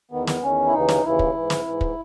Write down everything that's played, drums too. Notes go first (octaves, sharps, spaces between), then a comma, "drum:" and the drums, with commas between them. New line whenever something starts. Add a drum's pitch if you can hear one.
E2 D#3 B3
B3, drum: snare
E2 D#3 C#4
E4
D#2 C#3 E3 D#4
drum: snare
D#2 C#3 E3 E4
drum: kick
G#2 E3
drum: snare
G#2 E3
drum: kick